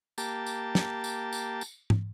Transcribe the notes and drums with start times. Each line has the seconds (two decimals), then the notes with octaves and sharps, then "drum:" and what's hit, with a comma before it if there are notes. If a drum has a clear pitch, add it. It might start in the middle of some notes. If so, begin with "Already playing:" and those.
0.18 A#3 G4 A5, drum: tambourine
0.46 drum: tambourine
0.75 drum: snare
1.04 drum: tambourine
1.33 drum: tambourine
1.61 drum: tambourine
1.90 drum: tom G#2